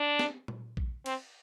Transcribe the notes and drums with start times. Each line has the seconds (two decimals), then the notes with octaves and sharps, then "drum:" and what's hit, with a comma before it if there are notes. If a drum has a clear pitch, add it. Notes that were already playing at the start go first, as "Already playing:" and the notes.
Already playing: D4
0.19 drum: snare
0.48 drum: tom A#2
0.77 drum: kick A#1
1.06 C4, drum: cymbal